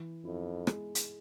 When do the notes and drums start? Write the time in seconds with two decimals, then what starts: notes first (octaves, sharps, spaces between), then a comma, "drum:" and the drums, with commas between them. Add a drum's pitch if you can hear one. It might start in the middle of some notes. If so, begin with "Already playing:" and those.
Already playing: E3
0.25 F2 E4
0.67 G#3, drum: rim click
0.95 drum: hi-hat